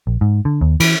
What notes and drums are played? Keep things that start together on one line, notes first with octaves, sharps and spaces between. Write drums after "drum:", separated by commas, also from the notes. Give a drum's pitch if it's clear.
A#1
G#2
D3
D#2
E3, drum: cymbal